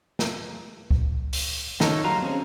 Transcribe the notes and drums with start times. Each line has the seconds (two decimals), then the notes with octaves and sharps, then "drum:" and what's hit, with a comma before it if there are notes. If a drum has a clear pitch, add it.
0.19 drum: snare
0.91 drum: kick C#2
1.33 drum: open hi-hat
1.80 D#3 D#4 A4 A#4 C#5, drum: snare
2.04 F#3 G3 F4 A#5
2.22 C4 C#4 G#4